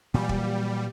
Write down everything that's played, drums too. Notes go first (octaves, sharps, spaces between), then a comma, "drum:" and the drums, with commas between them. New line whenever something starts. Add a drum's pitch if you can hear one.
A#2 E3 F#3 G3
drum: kick